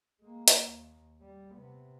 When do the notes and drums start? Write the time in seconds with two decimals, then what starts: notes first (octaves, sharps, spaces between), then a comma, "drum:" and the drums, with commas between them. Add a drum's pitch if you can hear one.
0.21 G#3 A#3
0.48 drum: hi-hat
0.63 D#2
1.21 G3
1.54 C3 B3